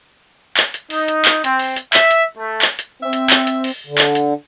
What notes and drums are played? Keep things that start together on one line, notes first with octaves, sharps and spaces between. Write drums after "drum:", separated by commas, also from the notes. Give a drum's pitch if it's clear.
drum: clap
drum: hi-hat
D#4, drum: open hi-hat
drum: hi-hat
drum: clap
C4, drum: hi-hat
drum: open hi-hat
drum: hi-hat
E5, drum: clap
drum: hi-hat
A3
drum: clap
drum: hi-hat
C4 E5
drum: hi-hat
drum: clap
drum: hi-hat
drum: open hi-hat
D3
drum: clap
drum: hi-hat